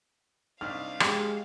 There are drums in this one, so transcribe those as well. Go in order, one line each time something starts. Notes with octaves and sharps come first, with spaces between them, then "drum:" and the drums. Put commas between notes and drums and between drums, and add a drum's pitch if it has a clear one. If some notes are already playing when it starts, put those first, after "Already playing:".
C2 D4 D#4 F5 F6
G#3 G4, drum: rim click